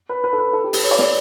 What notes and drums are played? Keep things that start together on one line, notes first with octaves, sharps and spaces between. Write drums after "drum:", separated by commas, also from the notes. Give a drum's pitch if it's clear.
B4
B4
A4
B4
A4
G4
B4, drum: open hi-hat
C#5
D5
C#5, drum: snare